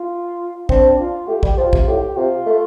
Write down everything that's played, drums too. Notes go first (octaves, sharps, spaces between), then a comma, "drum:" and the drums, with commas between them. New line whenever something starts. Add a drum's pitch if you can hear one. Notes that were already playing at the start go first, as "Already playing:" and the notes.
Already playing: F4
C4 D4, drum: kick
F4
A3 G4
G3, drum: kick
F3 F4
C3, drum: kick
A2 G4
C3 F4
A3